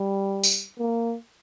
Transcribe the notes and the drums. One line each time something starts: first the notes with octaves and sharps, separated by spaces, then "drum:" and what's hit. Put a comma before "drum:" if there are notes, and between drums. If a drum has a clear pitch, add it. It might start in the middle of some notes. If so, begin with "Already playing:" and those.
Already playing: G3
drum: tambourine
A#3